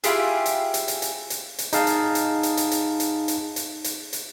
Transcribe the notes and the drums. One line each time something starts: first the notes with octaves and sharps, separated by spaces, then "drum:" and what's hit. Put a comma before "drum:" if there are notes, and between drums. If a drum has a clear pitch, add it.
E4 F4 G4 G#4, drum: hi-hat
drum: hi-hat
drum: hi-hat
drum: hi-hat
drum: hi-hat
drum: hi-hat
drum: hi-hat
D#4 G#4 F5 A5, drum: hi-hat
drum: hi-hat
drum: hi-hat
drum: hi-hat
drum: hi-hat
drum: hi-hat
drum: hi-hat
drum: hi-hat
drum: hi-hat
drum: hi-hat
drum: hi-hat